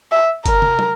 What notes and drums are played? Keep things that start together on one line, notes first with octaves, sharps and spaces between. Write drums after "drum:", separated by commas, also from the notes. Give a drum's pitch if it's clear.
E5
A#4, drum: kick G1, hi-hat
drum: tom
drum: tom